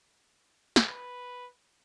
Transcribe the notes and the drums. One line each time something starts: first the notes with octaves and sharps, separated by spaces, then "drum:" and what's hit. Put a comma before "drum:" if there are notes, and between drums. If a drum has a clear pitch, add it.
drum: snare
B4